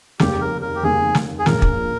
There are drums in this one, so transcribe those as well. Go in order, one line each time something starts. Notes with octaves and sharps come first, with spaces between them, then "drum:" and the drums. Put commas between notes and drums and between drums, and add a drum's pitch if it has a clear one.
F1 D#2 C#3 G3 A#3 G4, drum: snare
A#4
A#4
G4
F1 D#2 C#3 G3 A#3 G#4
drum: snare
G#4
A#1 A#2 G#3 C#4 F4 A#4, drum: snare
drum: kick